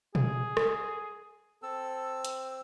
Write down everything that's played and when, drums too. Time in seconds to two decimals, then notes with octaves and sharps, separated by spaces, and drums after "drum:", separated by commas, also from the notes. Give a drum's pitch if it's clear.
0.15 G#4, drum: tom A#2
0.57 drum: rim click
1.63 C4 A4 E6
2.25 drum: hi-hat